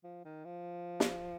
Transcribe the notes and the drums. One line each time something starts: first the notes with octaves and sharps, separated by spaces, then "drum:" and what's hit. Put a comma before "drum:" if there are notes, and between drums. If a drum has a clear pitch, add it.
F3
D#3
F3
drum: snare